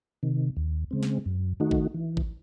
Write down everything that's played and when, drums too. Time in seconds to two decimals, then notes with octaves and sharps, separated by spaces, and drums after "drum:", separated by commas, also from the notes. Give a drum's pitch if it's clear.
0.23 C3 D#3
0.57 D#2
0.91 C#3 G#3 C4
1.03 drum: snare
1.26 F#2
1.60 D#3 A3 D#4 F#4
1.71 drum: kick A1
1.94 E3
2.17 drum: kick A1